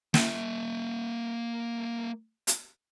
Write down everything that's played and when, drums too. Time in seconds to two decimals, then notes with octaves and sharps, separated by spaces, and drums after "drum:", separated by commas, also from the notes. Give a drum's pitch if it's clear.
0.14 A#3 E5, drum: snare
2.47 drum: hi-hat